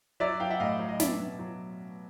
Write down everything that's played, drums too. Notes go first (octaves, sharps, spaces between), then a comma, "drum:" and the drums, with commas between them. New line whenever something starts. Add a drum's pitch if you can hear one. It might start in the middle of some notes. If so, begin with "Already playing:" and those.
F#3 D5 E5
F#3 F5 G5
E5 F#5
A2 D#5 F5
F#3
D#5
B2 D5 E5, drum: snare
B2
F#3